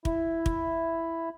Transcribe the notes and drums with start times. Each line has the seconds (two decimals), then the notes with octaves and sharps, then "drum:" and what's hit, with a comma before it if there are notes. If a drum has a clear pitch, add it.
0.05 E4, drum: kick
0.46 drum: kick